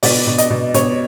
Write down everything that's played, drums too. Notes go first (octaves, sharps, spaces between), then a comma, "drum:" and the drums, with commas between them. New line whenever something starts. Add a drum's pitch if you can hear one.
B2 D5, drum: open hi-hat
B2
D#5, drum: hi-hat
B2
B2 C#5, drum: hi-hat